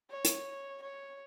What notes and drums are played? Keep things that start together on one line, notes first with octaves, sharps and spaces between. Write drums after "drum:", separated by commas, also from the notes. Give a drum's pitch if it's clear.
C#5
drum: hi-hat
C#5